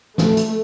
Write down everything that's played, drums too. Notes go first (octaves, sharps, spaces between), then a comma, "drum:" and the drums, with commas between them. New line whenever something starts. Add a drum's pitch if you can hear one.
A3, drum: snare
drum: hi-hat